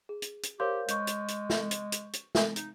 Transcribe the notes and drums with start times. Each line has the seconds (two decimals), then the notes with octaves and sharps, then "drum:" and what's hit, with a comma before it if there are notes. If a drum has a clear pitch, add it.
0.09 G#4
0.22 drum: hi-hat
0.43 drum: hi-hat
0.60 G4 A#4 C5 C#5 F5 C6 G6
0.88 G#3 C#6 G6, drum: hi-hat
1.07 drum: hi-hat
1.28 drum: hi-hat
1.50 drum: snare
1.71 drum: hi-hat
1.92 drum: hi-hat
2.13 drum: hi-hat
2.35 drum: snare
2.56 D#4, drum: hi-hat